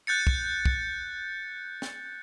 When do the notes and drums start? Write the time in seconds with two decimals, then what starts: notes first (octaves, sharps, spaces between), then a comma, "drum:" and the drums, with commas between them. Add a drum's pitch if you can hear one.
0.07 F#6 G6 A6 C#7
0.27 drum: kick
0.66 drum: kick
1.82 drum: snare